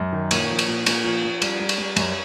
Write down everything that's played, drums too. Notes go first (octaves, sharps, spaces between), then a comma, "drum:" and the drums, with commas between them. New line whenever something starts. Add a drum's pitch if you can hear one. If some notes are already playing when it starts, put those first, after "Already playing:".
Already playing: F#2
D#3
A#2 C#5, drum: cymbal
F3
drum: cymbal
A#2
A#2, drum: cymbal
F3
F3
G3, drum: cymbal
G3
drum: cymbal
G3
F#2 C#5, drum: cymbal